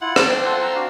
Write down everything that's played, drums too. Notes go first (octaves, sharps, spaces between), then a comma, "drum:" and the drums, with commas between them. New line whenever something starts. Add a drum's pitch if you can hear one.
E4 F4 F#5
A5 D6, drum: rim click
C4
F4 A4 F#5
A#5 E6
D4 F#4 F5